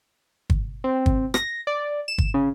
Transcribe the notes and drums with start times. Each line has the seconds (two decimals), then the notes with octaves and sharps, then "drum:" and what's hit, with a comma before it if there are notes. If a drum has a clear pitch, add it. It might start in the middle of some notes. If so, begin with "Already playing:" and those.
0.50 drum: kick
0.84 C4
1.06 drum: kick
1.34 A#6, drum: rim click
1.67 D5
2.08 E7
2.18 drum: kick
2.34 C#3